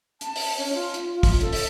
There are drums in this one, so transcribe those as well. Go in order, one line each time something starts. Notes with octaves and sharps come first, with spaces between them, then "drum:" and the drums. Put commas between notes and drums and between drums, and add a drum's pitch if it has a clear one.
A5, drum: hi-hat
drum: open hi-hat
C#4
F4
drum: hi-hat
F4
drum: kick, open hi-hat
A4, drum: hi-hat
drum: open hi-hat